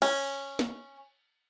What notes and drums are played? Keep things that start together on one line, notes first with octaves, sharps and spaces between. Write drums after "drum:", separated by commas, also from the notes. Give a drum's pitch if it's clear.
C#4, drum: cymbal
drum: snare